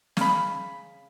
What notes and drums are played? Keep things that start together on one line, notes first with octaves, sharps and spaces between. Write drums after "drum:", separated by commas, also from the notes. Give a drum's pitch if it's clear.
C#3 B5, drum: snare